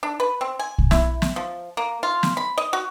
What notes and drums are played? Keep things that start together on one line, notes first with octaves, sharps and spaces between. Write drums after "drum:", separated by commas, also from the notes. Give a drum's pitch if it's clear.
D4
B4
C4
G#5
drum: kick
E4, drum: snare
drum: snare
F3
A#3
F4
drum: snare
B5
D#5
F#4